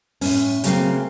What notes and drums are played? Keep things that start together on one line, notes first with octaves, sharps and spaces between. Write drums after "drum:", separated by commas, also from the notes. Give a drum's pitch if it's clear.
A2 C#4, drum: open hi-hat
C#3 F#3 A3 A#3 C4, drum: hi-hat